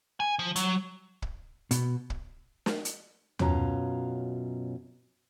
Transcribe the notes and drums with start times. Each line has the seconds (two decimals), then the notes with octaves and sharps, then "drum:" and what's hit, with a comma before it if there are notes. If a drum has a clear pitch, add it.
0.20 G#5
0.39 F3
0.56 F#3, drum: hi-hat
1.22 drum: kick
1.71 B2, drum: hi-hat
2.10 drum: kick
2.66 drum: snare
2.85 drum: hi-hat
3.39 F#2 B2 C#4 F4 A#5, drum: tom D#2